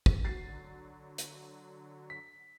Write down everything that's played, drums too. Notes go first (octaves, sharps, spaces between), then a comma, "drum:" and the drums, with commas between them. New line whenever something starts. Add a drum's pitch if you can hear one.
drum: kick
D3 F#3 F#4 A6 C7
drum: hi-hat
B6